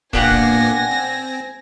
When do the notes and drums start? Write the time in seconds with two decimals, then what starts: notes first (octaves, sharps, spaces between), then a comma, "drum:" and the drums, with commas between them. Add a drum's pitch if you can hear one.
0.13 A#2 A#3 B3 D4 G4 F#5 G#5 A#6, drum: kick
0.30 drum: kick
0.91 C4